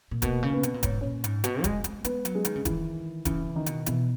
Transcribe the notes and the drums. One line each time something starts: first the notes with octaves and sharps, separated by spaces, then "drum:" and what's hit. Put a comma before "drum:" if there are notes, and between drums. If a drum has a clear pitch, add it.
A#2
B2 A#3 A#4, drum: kick D#1, hi-hat
C#3
B3 B4
B2, drum: hi-hat
A#2
G#2 C#5, drum: kick D#1, hi-hat
A#2 C#4 C#5
G#2, drum: hi-hat
B2, drum: hi-hat
G#3, drum: kick D#1, hi-hat
G#3, drum: hi-hat
G#3 B3 B4, drum: hi-hat
F#3, drum: hi-hat
G#3 G#4
D#3, drum: hi-hat
C#3
D#3 E3 E4, drum: kick D#1, hi-hat
C#3 E3 E4, drum: kick D#1, hi-hat
C#3
D#3 D#4
B2, drum: hi-hat
B2 E3 E4, drum: hi-hat